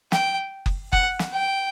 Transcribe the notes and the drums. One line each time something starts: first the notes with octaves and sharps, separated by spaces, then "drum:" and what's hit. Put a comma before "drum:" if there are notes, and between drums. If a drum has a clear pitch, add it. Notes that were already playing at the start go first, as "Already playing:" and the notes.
G5, drum: snare
drum: kick F#1
F#5, drum: kick F#1
drum: snare
G5